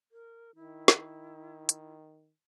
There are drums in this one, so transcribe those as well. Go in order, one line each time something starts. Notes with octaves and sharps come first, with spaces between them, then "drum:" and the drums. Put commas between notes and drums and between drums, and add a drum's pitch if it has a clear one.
A#4
D#3 E4
drum: snare
drum: hi-hat